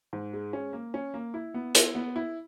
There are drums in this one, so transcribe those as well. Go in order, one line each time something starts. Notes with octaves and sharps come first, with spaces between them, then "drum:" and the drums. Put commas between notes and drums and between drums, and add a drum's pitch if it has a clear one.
G#2
G#3
C#4
A#3
C#4
A#3
E4
B3
E4, drum: hi-hat
B3
E4